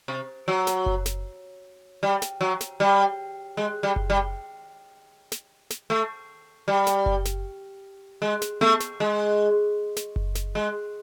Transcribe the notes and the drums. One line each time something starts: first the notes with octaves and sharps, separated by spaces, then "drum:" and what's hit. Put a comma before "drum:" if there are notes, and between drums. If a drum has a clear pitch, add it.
C3
F#3
drum: snare
drum: kick F#1
drum: snare
G3
drum: snare
F#3
drum: snare
G3
G#3
G3
drum: kick F#1
G3
drum: snare
drum: snare
A3
G3
drum: snare
drum: kick F#1
drum: snare
G#3
drum: snare
A3, drum: tom B3
drum: snare
G#3
drum: snare
drum: kick F#1
drum: snare
G#3